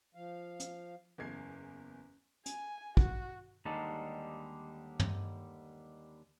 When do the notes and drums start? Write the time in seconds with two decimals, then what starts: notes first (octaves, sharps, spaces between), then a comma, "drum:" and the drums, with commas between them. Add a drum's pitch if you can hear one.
0.15 F3 F5
0.60 drum: hi-hat
1.18 F#1 E2 G#6 C7
2.46 G#5, drum: hi-hat
2.97 F#4, drum: kick
3.65 D#2 D3 G3 G#3 D#4 A5
5.00 drum: tom